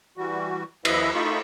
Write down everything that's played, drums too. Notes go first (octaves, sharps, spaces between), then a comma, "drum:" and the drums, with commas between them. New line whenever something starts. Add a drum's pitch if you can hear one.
E3 G3 F#4
D#2 F3 E4 B4 D#5 E5, drum: cymbal
A3 D#4 F4 B5 C#6